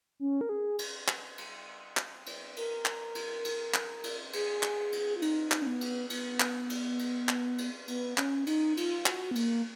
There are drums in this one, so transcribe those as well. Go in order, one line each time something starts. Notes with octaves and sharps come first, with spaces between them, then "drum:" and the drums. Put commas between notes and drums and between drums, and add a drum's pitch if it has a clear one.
C#4
A#4
G#4
drum: cymbal
drum: clap
drum: cymbal
drum: clap
drum: cymbal
A#4, drum: cymbal
drum: clap
drum: cymbal
drum: cymbal
drum: clap
drum: cymbal
G#4, drum: cymbal
drum: clap
drum: cymbal
F4
D#4, drum: cymbal
drum: clap
C#4
B3
drum: cymbal
B3, drum: cymbal
drum: clap
drum: cymbal
drum: cymbal
drum: clap
drum: cymbal
B3, drum: cymbal
C#4, drum: clap
D#4, drum: cymbal
F4, drum: cymbal
F#4, drum: clap
B3
A#3, drum: cymbal